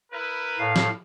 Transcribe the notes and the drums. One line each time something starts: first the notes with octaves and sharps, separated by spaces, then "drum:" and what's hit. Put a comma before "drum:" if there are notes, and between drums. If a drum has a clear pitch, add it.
E4 A#4 B4
A2 F5
drum: snare